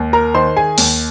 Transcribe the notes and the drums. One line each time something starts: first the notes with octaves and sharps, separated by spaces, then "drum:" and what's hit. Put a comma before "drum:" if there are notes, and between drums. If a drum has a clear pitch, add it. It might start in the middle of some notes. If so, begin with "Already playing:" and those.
Already playing: D#2
A#4 A#5
D#3 C5 C6
G#4 G#5
D#2, drum: open hi-hat